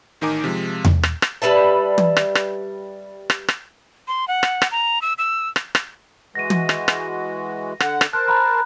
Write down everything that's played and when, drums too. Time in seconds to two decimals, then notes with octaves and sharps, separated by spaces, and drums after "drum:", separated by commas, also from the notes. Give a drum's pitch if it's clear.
0.21 A1 D#3 D#4 A#4 G#5 D6
0.44 C3 F3 G#3
0.85 drum: tom E2
1.03 drum: rim click
1.22 drum: rim click
1.42 G3 B4 E5 A5
1.98 drum: tom
2.17 drum: rim click
2.35 drum: rim click
3.30 drum: rim click
3.48 drum: rim click
4.08 C6
4.28 F#5
4.43 drum: rim click
4.62 drum: rim click
4.71 A#5
5.02 E6
5.18 E6
5.56 drum: rim click
5.75 drum: rim click
6.35 E3 G#3 F#4 A#6 D#7
6.50 drum: tom
6.69 drum: rim click
6.88 drum: rim click
7.80 D3 F#5, drum: rim click
8.01 drum: rim click
8.13 A#4 C5 A5 F#6
8.27 A#5 B5 F#6